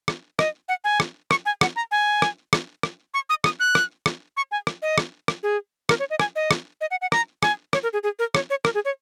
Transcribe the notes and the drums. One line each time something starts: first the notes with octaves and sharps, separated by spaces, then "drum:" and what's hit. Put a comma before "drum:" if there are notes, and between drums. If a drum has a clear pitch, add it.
drum: rim click
D#5, drum: rim click
F#5
G#5
drum: rim click
C#6, drum: rim click
G#5
F#5, drum: rim click
A#5
G#5
drum: rim click
drum: rim click
drum: rim click
C#6
D#6
D#6, drum: rim click
F#6
drum: rim click
drum: rim click
C#6
G#5
drum: rim click
D#5
drum: rim click
drum: rim click
G#4
A#4, drum: rim click
C#5
D#5
G#5, drum: rim click
D#5
drum: rim click
D#5
F#5
F#5
A#5, drum: rim click
G#5, drum: rim click
C#5, drum: rim click
A#4
G#4
G#4
A#4
C#5, drum: rim click
C#5
A#4, drum: rim click
G#4
C#5